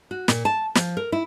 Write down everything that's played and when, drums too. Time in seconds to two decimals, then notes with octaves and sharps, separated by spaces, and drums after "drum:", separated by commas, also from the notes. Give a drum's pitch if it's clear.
0.11 F#4
0.28 A#2, drum: snare
0.45 A5
0.75 F3, drum: snare
0.97 A#4
1.12 E4